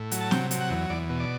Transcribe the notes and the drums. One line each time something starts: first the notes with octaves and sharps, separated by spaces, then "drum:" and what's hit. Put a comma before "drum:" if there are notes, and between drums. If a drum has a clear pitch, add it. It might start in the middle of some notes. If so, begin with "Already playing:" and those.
Already playing: A2
F#3, drum: hi-hat
A5
C3 G5, drum: snare
F#3, drum: hi-hat
F#5
E2
E2 D5
B2
D5